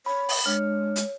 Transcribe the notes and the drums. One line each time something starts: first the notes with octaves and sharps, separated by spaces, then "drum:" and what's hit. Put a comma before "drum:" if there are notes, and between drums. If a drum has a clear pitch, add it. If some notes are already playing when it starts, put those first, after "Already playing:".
C#5 B5
drum: open hi-hat
G#3 D4 C#5 F6
drum: hi-hat